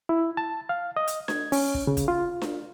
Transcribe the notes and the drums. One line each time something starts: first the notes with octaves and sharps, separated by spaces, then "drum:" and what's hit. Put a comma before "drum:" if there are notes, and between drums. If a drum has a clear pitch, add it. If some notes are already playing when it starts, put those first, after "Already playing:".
E4
A5
F5
D#5
drum: hi-hat
G#6, drum: snare D4
C#4, drum: open hi-hat
drum: kick
C#3
drum: kick, hi-hat
F4
drum: snare D4